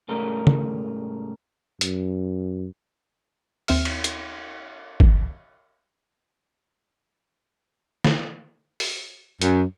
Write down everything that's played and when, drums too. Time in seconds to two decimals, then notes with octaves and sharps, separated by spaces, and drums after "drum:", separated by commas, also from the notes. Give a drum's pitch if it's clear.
0.08 C2 G#2 A3 C#4 A#4
0.47 drum: tom C#3
1.81 F#2, drum: hi-hat
3.68 D#2 C4 E5 F6, drum: open hi-hat
3.85 drum: cymbal
4.04 drum: hi-hat
5.00 drum: kick
8.04 drum: snare
8.80 drum: open hi-hat
9.42 F#2, drum: hi-hat